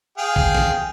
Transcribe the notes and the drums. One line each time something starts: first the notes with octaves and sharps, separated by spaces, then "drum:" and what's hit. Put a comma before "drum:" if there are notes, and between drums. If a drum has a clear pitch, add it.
G#4 F5 G5
drum: kick
drum: snare